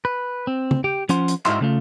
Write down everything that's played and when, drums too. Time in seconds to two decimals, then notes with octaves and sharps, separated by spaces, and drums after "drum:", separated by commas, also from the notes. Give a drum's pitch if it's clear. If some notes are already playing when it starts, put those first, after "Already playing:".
0.05 B4
0.47 C4
0.71 drum: tom
0.84 G4 G5
1.09 F3 C#4 F4 C5 F#5 C6, drum: hi-hat
1.28 drum: hi-hat
1.45 G#2 D#4 E4 F#4 E5 C6, drum: clap
1.61 C#3 A3 F4